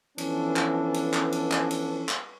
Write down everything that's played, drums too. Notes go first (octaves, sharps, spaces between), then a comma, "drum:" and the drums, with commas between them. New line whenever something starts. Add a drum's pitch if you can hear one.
E3 F3 B3 C#4 D4 A4, drum: cymbal
drum: clap
drum: cymbal
drum: clap
drum: cymbal
drum: clap
drum: cymbal
drum: clap